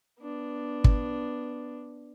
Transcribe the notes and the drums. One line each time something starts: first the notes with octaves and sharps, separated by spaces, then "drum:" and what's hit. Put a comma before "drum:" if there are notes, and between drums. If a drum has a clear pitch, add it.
B3 D4
drum: kick